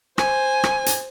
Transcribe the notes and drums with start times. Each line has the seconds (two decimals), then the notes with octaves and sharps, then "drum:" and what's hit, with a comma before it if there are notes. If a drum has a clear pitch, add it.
0.18 C5 G#5, drum: rim click
0.64 drum: rim click
0.86 drum: hi-hat